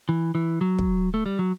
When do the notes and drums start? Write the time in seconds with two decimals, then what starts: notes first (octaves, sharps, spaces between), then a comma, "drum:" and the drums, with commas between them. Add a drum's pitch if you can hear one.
0.09 E3
0.35 E3
0.61 F#3
0.79 drum: kick
1.14 A3
1.26 G3
1.39 F#3